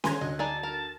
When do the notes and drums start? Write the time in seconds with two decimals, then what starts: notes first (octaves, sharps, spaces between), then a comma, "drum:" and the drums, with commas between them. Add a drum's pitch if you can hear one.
0.04 G#5 A#5 C6 G#6, drum: snare C#4
0.21 D2 D#5 F#6
0.39 D#4 G#4 D5 A5
0.63 A#4